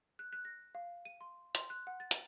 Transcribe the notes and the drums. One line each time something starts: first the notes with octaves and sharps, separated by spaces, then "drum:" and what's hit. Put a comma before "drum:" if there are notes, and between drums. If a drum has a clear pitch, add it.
F#6
F#6
A#6
F5
D#7
C6
C6, drum: hi-hat
F#6
F#5
A6
drum: hi-hat